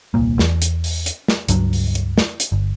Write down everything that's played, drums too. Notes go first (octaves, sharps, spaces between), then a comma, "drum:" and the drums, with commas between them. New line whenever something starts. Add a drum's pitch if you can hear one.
D#1 C2 A#2 A#3
E2, drum: snare
drum: hi-hat
drum: open hi-hat
drum: hi-hat
drum: snare
C#2 G2 F#3 D4, drum: hi-hat
drum: open hi-hat
drum: hi-hat
drum: snare
drum: hi-hat
G1